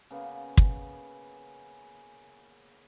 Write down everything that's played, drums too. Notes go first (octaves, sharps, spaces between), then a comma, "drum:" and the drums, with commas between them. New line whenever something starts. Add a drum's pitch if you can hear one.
C#3 A#3 B3
drum: kick